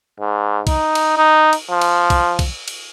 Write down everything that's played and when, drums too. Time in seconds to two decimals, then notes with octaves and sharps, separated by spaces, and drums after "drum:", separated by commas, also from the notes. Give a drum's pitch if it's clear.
0.20 G#2
0.67 D#4, drum: kick, cymbal
0.95 drum: cymbal
1.17 D#4
1.53 drum: cymbal
1.71 F3
1.81 drum: cymbal
2.10 drum: kick, cymbal
2.39 drum: kick, cymbal
2.68 drum: cymbal